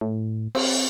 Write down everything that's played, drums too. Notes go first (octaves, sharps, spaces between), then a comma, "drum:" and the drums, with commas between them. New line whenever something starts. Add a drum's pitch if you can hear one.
A2
C4, drum: cymbal